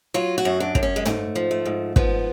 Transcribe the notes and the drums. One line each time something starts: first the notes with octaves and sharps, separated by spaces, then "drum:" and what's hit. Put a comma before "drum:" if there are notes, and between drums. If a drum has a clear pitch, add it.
F#3 F4
F#4
F#2
D4
F#2, drum: kick
C#4
G#3
G#2 A3, drum: tom
F3
A3
G#2
F3 B3, drum: kick